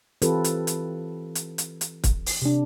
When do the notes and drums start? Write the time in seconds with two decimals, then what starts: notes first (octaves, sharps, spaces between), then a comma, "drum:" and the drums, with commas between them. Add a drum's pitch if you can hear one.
0.22 E3 C4 F4 G4 A4 B4, drum: hi-hat
0.44 drum: hi-hat
0.67 drum: hi-hat
1.35 drum: hi-hat
1.58 drum: hi-hat
1.81 drum: hi-hat
2.04 drum: kick, hi-hat
2.26 drum: open hi-hat
2.42 C3 D4